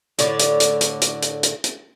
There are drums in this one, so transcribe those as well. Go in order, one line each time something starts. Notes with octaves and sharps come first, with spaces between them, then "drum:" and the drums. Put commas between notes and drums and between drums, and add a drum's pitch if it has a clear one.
A2 D3 C#5 D5, drum: hi-hat
drum: hi-hat
drum: hi-hat
drum: hi-hat
drum: hi-hat
drum: hi-hat
drum: hi-hat
drum: hi-hat